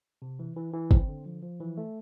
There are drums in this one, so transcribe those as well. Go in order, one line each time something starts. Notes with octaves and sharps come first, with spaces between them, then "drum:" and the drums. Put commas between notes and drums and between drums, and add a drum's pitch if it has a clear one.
C3
E3
E3
E3
C4, drum: kick
D3
F3
F3
E3
A3